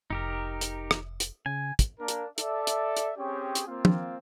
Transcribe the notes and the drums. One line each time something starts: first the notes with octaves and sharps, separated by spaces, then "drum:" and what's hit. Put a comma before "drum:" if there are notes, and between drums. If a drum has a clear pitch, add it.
F1 D#4 G4 A#4
drum: hi-hat
drum: rim click
drum: hi-hat
C#3 G#5
drum: kick, hi-hat
A#3 D4 A#4
drum: hi-hat
A4 D5 E5, drum: hi-hat
drum: hi-hat
drum: hi-hat
C4 C#4 G4 G#4 C#5 G5
drum: hi-hat
A#3 C4 F4
drum: tom